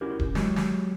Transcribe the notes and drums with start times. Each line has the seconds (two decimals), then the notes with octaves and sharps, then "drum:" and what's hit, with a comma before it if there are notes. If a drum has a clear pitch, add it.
0.01 C#4 E4 F#4 G4 A#4
0.19 drum: kick D#1
0.35 F#3 G#3 G4, drum: snare
0.56 drum: snare